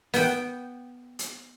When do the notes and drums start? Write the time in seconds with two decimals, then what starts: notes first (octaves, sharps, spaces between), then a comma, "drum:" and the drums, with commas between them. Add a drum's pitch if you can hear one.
0.14 B3 G5, drum: open hi-hat
1.19 drum: hi-hat